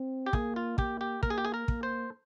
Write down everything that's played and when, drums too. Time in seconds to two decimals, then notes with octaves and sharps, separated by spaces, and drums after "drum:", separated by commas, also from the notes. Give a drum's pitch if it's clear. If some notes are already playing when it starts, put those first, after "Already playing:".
Already playing: C4
0.26 G4
0.33 A#3 G#4, drum: kick
0.56 F4
0.78 A#3 G4, drum: kick
1.01 G4
1.23 A#3 A#4, drum: kick
1.30 G#4
1.38 G4
1.45 G#4
1.54 A#4
1.68 A#3, drum: kick
1.83 C5